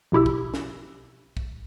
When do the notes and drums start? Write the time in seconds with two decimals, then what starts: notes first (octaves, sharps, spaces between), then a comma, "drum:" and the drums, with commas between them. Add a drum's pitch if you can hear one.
0.12 A#1 B2 E4 G4 E6
0.26 drum: kick
0.54 drum: snare
1.37 drum: kick